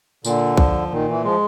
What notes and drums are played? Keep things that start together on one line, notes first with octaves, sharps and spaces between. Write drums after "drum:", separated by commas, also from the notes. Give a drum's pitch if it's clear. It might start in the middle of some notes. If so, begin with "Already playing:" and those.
A#2 D3, drum: tambourine
F3, drum: kick
A#2 D#3
E3
F3 G#3